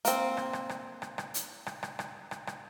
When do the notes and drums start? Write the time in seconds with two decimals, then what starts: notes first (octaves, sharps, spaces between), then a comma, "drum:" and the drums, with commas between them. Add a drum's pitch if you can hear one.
0.05 A#3 C4, drum: hi-hat
0.37 drum: rim click
0.53 drum: rim click
0.69 drum: rim click
1.02 drum: rim click
1.18 drum: rim click
1.34 drum: hi-hat
1.66 drum: rim click
1.83 drum: rim click
1.99 drum: rim click
2.31 drum: rim click
2.47 drum: rim click